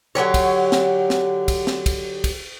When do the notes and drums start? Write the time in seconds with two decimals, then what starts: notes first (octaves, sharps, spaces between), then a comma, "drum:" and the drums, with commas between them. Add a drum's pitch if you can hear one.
0.15 D3 F#3 G4 C#5
0.34 drum: kick, cymbal
0.72 drum: snare
1.10 drum: snare
1.48 drum: kick, cymbal
1.67 drum: snare
1.86 drum: kick, cymbal
2.24 drum: kick, cymbal